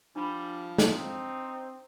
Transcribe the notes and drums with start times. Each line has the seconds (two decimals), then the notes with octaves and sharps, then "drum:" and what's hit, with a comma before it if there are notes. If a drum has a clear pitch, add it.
0.16 F3 G3 D4 B5
0.78 drum: snare
0.90 C4 D#4